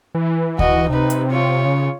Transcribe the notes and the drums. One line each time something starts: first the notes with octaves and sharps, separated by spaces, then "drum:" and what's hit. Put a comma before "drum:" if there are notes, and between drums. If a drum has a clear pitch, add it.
E3
F#4 D#5, drum: kick D2
C3 D#4 B4
drum: hi-hat
F4 C#5
C#3